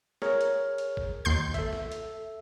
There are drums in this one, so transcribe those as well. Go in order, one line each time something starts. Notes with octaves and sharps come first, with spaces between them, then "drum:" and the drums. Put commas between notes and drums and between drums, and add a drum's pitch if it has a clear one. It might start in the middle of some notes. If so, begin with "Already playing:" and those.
G#4 A#4 C#5, drum: snare
drum: hi-hat
drum: hi-hat
drum: kick G#1
D#2 C6 G6
A4 E5, drum: kick G#1, hi-hat
drum: snare
drum: hi-hat